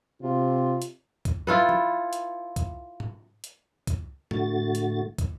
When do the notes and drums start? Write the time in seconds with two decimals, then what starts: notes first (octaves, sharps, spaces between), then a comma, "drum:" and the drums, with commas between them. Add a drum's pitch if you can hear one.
0.22 C3 F4
0.82 drum: hi-hat
1.25 drum: kick, hi-hat
1.47 E4 F4 A4 B4
1.69 drum: tom
2.13 drum: hi-hat
2.56 drum: kick, hi-hat
3.00 drum: tom G#2
3.44 drum: hi-hat
3.87 drum: kick, hi-hat
4.31 A2 D3 A3 F#4 A6, drum: tom
4.75 drum: hi-hat
5.18 drum: kick, hi-hat